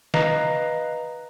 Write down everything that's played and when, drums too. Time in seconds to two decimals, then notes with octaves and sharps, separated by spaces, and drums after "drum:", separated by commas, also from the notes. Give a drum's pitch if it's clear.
0.14 B4 D#5 F5 A#5, drum: snare